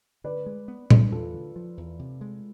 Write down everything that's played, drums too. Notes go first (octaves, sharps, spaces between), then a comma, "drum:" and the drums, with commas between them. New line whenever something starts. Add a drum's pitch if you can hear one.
D3 B4 D5
G#3
B3
D4, drum: tom A#2
E2 F4 A4
D3
F3
E2
C3
G#3